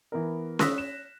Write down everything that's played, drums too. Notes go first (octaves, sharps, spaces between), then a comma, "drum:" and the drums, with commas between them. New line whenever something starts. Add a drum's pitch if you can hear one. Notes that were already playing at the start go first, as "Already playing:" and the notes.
E3 B3 A#4
C#6 D#6 E6 F#6 A#6 B6, drum: snare C#4
E7